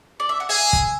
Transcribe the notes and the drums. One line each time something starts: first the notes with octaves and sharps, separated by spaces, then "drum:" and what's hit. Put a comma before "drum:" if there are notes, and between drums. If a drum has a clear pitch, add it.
D5
E5
F#5
G#4 E5 G#5
drum: kick